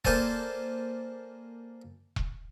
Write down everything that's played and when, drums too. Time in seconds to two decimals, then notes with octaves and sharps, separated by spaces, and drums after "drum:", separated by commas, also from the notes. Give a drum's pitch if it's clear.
0.05 A#3 A4 C5 D5 G#5 A5, drum: kick E1
2.16 drum: kick E1